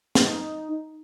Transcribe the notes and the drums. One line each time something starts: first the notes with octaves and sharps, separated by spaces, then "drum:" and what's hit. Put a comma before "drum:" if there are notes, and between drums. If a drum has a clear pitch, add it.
D#4, drum: snare